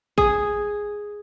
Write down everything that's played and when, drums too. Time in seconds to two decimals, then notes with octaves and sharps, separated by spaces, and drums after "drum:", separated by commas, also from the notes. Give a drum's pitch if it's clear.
0.18 G#4, drum: kick